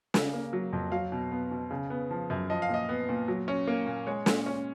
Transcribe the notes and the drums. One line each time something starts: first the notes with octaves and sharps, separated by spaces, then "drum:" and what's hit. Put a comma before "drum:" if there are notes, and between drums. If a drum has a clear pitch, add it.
C#3, drum: snare
A#3
F#3
F2
F#3 F5
B2
B3
B2
C#3
B3
F3
F#2
F3 D#5
F5
A#2 D#5
B3
A#2
F#3
C#4
A#3
A#2
G#3 C#5
A#2, drum: snare
C#4